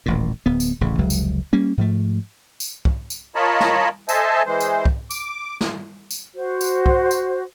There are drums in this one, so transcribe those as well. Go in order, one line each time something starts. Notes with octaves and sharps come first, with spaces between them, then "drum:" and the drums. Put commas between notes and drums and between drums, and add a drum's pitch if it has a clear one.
D#1 A1 A#2
D1 B3
drum: tambourine
D1 A1 C#3
F1 C#2 F#3 G#3
drum: tambourine
G3 A#3 C#4
G#2 F3 A3
drum: tambourine
drum: kick
drum: tambourine
F4 A#4 C#5 D#5 A5 B5
drum: snare
A4 C5 D#5 E5 G#5 A5, drum: tambourine
E3 G#3 C5
drum: tambourine
drum: kick
D6, drum: tambourine
drum: snare
drum: tambourine
F#4 C5
drum: tambourine
drum: kick
drum: tambourine